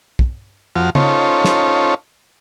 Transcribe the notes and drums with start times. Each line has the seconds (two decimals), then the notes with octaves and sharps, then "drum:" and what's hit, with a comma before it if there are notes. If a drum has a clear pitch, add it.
0.19 drum: kick
0.76 F2 F3 F#4 F6
0.95 C#4 D#4 F4 A4 C5 C#5, drum: tom C#3
1.44 drum: snare